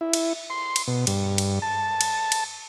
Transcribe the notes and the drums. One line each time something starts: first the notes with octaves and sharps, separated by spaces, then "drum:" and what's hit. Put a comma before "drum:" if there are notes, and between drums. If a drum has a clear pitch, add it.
E4
drum: cymbal
C6
drum: cymbal
B2
G2, drum: cymbal
drum: cymbal
A5
drum: cymbal
drum: cymbal